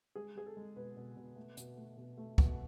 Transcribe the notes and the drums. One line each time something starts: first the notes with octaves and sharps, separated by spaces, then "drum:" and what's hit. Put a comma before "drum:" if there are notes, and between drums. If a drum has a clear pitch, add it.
G#3 G#4
G#3 G#4
A4
G#3
B2 B4
B2
B2
A3
B2, drum: hi-hat
A3
B2
A3
B2, drum: kick